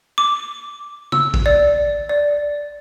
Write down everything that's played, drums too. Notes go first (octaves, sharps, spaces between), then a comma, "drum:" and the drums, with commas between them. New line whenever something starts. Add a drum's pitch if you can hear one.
D6
E6, drum: tom
drum: kick A1
D5
D5